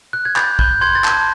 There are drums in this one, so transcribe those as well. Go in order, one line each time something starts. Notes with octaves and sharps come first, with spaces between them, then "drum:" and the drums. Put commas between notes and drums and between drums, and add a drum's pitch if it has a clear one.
F#6
G#6
B5 G6 A6, drum: clap
B5 G6, drum: kick
C6 G#6
A6
A5, drum: clap
G#6